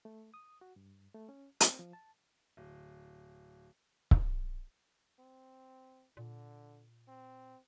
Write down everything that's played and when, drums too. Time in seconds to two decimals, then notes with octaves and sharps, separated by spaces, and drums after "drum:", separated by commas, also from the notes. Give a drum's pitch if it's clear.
0.05 A3
0.34 D#6
0.61 F#4
0.76 G2
1.14 A3
1.29 C#4
1.60 C4, drum: hi-hat
1.79 F3
1.93 A5
2.57 D1
4.11 drum: kick C#1
5.19 C4
6.17 A#2 D3
7.08 C4